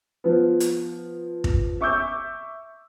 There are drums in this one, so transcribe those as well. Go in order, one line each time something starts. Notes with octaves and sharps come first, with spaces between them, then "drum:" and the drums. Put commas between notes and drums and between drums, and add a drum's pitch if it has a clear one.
F3 B3
drum: hi-hat
drum: kick
E5 C#6 D6 E6 G6